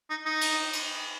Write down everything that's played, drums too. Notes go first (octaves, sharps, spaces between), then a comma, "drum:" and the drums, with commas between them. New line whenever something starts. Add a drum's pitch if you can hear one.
D#4
D#4
drum: cymbal
drum: cymbal